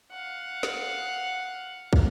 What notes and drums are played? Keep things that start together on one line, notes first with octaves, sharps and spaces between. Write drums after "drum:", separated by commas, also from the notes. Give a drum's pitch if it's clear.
F5 F#5
drum: snare
drum: kick